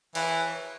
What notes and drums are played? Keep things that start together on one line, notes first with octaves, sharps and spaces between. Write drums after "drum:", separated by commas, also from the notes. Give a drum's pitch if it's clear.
E3, drum: cymbal